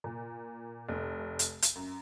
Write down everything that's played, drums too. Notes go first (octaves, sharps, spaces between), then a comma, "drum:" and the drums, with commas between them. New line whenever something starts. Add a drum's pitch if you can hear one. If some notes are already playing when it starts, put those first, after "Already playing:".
A#2
F1
drum: hi-hat
drum: hi-hat
F#2